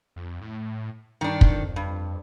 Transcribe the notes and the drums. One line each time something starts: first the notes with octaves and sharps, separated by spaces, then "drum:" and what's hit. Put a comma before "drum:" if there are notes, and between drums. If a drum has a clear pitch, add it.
F2
A2
G2 D#3 D4
drum: kick
F2
G2